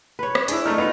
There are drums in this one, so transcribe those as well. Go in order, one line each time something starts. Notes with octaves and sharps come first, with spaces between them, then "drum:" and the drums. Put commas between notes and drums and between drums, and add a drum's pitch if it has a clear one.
B4 C#5
drum: rim click
D4 E4 G#4, drum: hi-hat
A3 D#4 F6
B3 D#4 F4